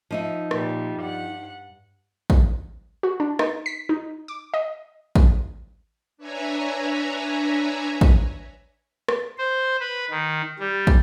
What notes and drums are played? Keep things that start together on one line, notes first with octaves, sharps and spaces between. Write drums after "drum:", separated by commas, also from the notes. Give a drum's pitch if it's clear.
F3 D#4 E5
A#2 G3, drum: rim click
G2 F#5
drum: kick
F#4
D4
D#4, drum: rim click
B6
D#4
D6
D#5
drum: kick
D4 B4 C#5 E5 G#5 A#5
drum: kick
drum: rim click
C5
B4
D#3
G3
drum: kick